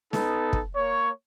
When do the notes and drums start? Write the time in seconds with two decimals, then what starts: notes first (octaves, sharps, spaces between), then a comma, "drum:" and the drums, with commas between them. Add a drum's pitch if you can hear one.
0.13 B3 D#4 A4, drum: snare
0.53 drum: kick
0.76 A#3 C#5